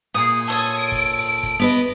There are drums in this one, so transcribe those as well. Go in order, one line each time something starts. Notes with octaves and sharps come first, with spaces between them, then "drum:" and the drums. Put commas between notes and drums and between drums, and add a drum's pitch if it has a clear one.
A#2 G#4 D#6, drum: open hi-hat
A4 C#5 G#5 D#6 G#6
drum: hi-hat
D7
drum: kick, open hi-hat
drum: open hi-hat
drum: kick, hi-hat
B3 B4 D#5
drum: hi-hat